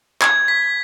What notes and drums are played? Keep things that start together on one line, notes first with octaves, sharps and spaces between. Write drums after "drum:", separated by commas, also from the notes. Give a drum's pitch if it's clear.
G#6, drum: clap
B6